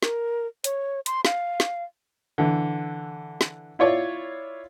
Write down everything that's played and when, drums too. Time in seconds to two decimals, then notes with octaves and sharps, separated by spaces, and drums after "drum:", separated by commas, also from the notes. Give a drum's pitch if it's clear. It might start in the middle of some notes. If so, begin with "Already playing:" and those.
0.03 A#4, drum: snare
0.64 C#5, drum: hi-hat
1.06 C6, drum: hi-hat
1.25 F5, drum: snare
1.60 drum: snare
2.38 D3 E3
3.41 drum: snare
3.79 E4 F4 C#5 D5 F5